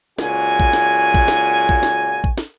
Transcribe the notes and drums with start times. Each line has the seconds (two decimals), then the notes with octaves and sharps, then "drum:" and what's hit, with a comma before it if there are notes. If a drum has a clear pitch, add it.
0.19 C#2 A#2 F#4 G#5, drum: snare
0.60 drum: kick A1
0.73 drum: snare
1.14 drum: kick A1
1.28 drum: snare
1.69 drum: kick A1
1.83 drum: snare
2.24 drum: kick A1
2.38 drum: snare